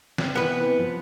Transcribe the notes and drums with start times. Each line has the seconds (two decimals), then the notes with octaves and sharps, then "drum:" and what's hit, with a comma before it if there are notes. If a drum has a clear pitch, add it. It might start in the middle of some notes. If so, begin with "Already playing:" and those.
0.18 C4, drum: snare
0.35 C3 E3 B3 E4 B4
0.79 F3